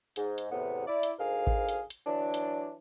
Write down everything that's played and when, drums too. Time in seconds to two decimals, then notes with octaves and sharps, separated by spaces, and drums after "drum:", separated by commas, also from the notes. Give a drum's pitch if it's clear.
0.16 G#2, drum: hi-hat
0.38 drum: hi-hat
0.52 E2 A2 C3 B3
0.87 E4 D5
1.03 drum: hi-hat
1.19 D2 G#2 G#4 A#4 F5
1.47 drum: kick A1
1.69 drum: hi-hat
1.90 drum: hi-hat
2.06 E3 F#3 D4
2.34 drum: hi-hat